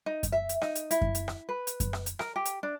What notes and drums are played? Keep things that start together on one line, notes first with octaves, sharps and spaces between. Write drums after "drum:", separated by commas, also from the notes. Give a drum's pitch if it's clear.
D#4
drum: kick F#2, hi-hat
E5
drum: hi-hat
D#4, drum: rim click
drum: hi-hat
E4, drum: hi-hat
drum: kick F#2
drum: hi-hat
drum: rim click
B4
drum: hi-hat
drum: kick F#2, hi-hat
drum: rim click
drum: hi-hat
A#4, drum: rim click
G4
drum: hi-hat
D4